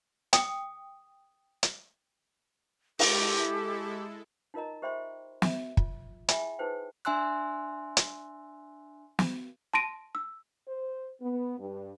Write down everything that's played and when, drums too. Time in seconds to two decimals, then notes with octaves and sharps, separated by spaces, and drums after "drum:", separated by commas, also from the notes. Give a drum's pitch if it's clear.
0.33 G5 D#6, drum: hi-hat
1.63 drum: hi-hat
2.99 G#3 E4 G4 A4, drum: open hi-hat
4.54 D#4 F4 A#4 D#5 A#5
4.82 G4 C5 E5 G5 B5 C6
5.42 E5, drum: snare
5.77 F4, drum: kick
6.29 E4 G#4 E5 G5 G#5 B5, drum: hi-hat
6.59 D#4 F4 G#4 B4 C5 G5
7.05 D4 E5 G#5 C6 E6 F#6
7.97 drum: hi-hat
9.19 drum: snare
9.74 A5 C6 A#6 D7 D#7
10.15 E6
10.68 C5
11.22 B3
11.59 G2